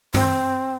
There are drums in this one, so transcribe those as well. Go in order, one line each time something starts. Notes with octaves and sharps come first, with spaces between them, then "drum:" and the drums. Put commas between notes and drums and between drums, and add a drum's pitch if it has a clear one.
C4, drum: tom